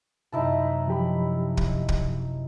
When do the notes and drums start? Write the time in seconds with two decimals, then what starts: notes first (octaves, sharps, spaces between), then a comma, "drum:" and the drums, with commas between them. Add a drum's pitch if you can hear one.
0.32 F#2 C3 D#4 E4 A5
0.88 F3 G4 B5
1.57 drum: kick
1.89 drum: kick